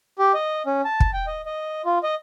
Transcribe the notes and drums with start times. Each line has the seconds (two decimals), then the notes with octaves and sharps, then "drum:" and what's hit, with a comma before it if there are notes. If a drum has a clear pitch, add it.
0.19 G4
0.34 D#5
0.66 C#4
0.85 A5
1.00 drum: kick
1.13 G5
1.27 D#5
1.46 D#5
1.85 F4
2.03 D#5